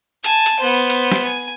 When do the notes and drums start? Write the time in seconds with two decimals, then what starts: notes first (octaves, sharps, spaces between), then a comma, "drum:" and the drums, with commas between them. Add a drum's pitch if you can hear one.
0.24 G#5 A5, drum: hi-hat
0.46 drum: hi-hat
0.60 B3 C5
0.90 drum: hi-hat
1.12 drum: snare
1.25 G#5